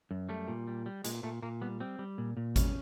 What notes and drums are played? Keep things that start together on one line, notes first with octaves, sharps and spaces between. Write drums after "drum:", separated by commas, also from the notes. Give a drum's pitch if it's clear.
F#2
G3 A3
A#2
G3
G3
A#2 G#3, drum: hi-hat
A#2 A3
A#2 A#3
G3 B3
G3 C4
G3
A#2
A#2
G3 C#4, drum: kick G#1, hi-hat